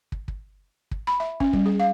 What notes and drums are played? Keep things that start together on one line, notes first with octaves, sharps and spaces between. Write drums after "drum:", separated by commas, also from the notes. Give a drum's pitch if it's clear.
drum: kick
drum: kick
drum: kick
B5
E5
C#4, drum: kick
G3, drum: kick
G#4
F5